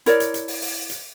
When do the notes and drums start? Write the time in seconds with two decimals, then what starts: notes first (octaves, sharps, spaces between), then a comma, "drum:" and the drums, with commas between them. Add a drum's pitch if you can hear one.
0.06 E4 A#4 C#5 D5, drum: hi-hat
0.20 drum: hi-hat
0.34 drum: hi-hat
0.48 drum: open hi-hat
0.62 drum: open hi-hat
0.90 drum: hi-hat